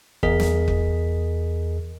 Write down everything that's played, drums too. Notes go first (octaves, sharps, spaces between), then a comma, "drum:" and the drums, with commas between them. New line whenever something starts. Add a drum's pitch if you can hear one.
E2 G#4 A#4 D#5 B6, drum: kick
drum: snare
drum: kick